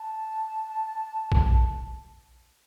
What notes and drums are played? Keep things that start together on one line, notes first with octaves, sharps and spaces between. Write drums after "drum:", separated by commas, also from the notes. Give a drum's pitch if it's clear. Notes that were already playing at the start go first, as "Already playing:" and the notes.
Already playing: A5
drum: kick A#1